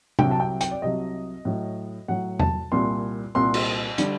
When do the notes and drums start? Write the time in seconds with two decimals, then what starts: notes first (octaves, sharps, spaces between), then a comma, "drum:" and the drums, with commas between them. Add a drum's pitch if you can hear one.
0.19 C2 C3 F#3 G5, drum: tom
0.31 A5
0.40 G5
0.61 G5, drum: hi-hat
0.71 D5
0.82 C2 C3 F#3 D#5
1.45 A2 F#3
2.08 A2 F#3 F#5
2.40 A5, drum: tom E2
2.72 C2 A#2 G3 C6
3.35 C2 A#2 G3 C6
3.54 drum: cymbal
3.98 D3 G3, drum: hi-hat